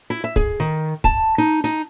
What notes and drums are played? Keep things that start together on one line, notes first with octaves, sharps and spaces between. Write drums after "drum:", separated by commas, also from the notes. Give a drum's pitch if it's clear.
E4
E5
G#4, drum: kick
D#3
A5, drum: kick
D#4
D#4, drum: hi-hat